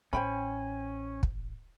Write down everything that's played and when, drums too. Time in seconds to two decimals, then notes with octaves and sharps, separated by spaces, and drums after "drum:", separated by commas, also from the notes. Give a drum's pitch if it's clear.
0.13 A1 C#4 C5 G5 B5
1.23 drum: kick